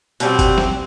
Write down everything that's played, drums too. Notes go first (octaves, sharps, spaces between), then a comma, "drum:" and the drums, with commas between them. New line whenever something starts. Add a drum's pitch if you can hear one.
B2 G3 C4, drum: hi-hat
drum: kick, hi-hat
drum: snare